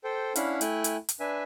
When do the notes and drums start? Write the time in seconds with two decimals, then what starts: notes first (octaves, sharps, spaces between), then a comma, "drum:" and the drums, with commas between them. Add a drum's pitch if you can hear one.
0.04 A4 C5 G5
0.36 C#4 D4 E4 F5 F#5 B5, drum: hi-hat
0.61 A3 E4 G5 G#5 F#6, drum: hi-hat
0.84 drum: hi-hat
1.09 drum: hi-hat
1.20 D4 B4 E5 G#5